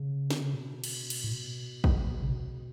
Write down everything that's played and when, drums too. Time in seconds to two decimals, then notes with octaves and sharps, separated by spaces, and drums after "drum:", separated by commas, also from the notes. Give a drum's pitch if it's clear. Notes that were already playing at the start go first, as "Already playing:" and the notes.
Already playing: C#3
0.30 D3, drum: snare
0.42 C#3
0.53 B2
0.84 drum: cymbal
1.10 drum: cymbal
1.24 A2
1.33 B2
1.84 drum: kick
2.11 B2
2.22 C#3
2.32 B2